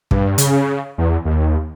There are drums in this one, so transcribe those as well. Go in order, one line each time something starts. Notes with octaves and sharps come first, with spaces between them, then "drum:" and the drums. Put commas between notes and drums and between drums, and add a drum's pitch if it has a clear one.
G2, drum: kick
C#3, drum: hi-hat
E2
D#2